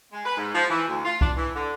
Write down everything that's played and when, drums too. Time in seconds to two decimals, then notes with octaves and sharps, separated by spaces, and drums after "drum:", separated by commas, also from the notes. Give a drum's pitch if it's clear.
0.13 G#3
0.25 B4
0.37 G#2
0.55 F3
0.70 E3
0.88 D2
1.04 F4
1.21 D4, drum: kick C2
1.37 E3
1.55 D3